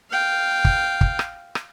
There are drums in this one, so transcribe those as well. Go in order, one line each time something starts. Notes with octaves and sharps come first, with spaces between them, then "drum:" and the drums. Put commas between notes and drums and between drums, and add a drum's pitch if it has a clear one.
F5 G5
drum: kick
drum: kick
drum: rim click
drum: rim click